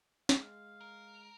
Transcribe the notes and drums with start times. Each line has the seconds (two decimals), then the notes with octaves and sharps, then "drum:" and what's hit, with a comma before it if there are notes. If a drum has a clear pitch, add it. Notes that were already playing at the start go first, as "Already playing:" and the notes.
0.29 G#3 F5, drum: snare
0.81 A#4